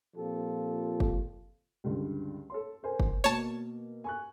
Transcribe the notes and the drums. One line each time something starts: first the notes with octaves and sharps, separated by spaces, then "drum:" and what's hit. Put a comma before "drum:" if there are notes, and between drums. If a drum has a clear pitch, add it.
A#2 F3 C4 F4 G4 A4
drum: kick F#1
C#2 G2 D3
A4 C#5 C6
A#4 C5 G#5
drum: kick F#1
B2 A#3 C#5 A5
G#5 C#6 F#6